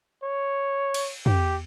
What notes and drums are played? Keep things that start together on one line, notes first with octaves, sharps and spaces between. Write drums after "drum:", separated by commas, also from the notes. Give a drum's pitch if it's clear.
C#5
drum: cymbal
G4, drum: tom